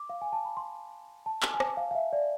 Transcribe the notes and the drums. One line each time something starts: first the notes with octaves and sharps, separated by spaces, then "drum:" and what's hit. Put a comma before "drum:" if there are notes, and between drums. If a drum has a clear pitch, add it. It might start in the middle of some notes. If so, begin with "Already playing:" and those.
Already playing: D6
F5
G#5
A5
B5
C6
A5
G#5, drum: clap
G#5
A5, drum: rim click
F5
F5
E5
D5